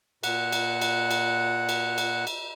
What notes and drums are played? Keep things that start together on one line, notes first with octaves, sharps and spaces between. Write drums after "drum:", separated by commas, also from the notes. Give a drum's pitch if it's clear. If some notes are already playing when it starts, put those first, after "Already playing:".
A#2 F#5 F#6, drum: cymbal
drum: cymbal
drum: cymbal
drum: cymbal
drum: cymbal
drum: cymbal
drum: cymbal